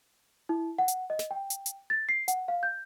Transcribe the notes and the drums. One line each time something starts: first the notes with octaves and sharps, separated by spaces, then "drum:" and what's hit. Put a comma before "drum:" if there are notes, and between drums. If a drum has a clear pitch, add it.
E4
F#5
drum: hi-hat
D#5
drum: snare
G5
drum: hi-hat
drum: hi-hat
A6
C7
F#5, drum: hi-hat
F5
G6